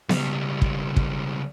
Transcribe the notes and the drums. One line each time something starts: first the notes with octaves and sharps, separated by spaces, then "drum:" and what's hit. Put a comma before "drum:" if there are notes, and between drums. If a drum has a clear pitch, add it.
C#2 G3, drum: snare B3
drum: kick
drum: kick